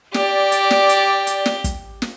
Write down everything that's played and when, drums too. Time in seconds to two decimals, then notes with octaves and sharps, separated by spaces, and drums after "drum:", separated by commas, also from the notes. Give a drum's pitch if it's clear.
0.14 G4 D5, drum: snare
0.52 drum: hi-hat
0.71 drum: snare
0.89 drum: hi-hat
1.27 drum: hi-hat
1.46 drum: snare
1.64 drum: kick, hi-hat
2.02 drum: snare